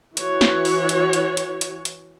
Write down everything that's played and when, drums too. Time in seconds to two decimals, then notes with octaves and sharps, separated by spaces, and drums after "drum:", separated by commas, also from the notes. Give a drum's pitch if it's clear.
0.17 E3 F#4 C#5, drum: hi-hat
0.41 drum: snare
0.65 drum: open hi-hat
0.89 drum: hi-hat
1.13 drum: hi-hat
1.37 drum: hi-hat
1.61 drum: hi-hat
1.85 drum: hi-hat